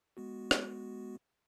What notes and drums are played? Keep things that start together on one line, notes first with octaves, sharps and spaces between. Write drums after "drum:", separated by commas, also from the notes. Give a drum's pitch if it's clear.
G#3 B3 F#4
drum: rim click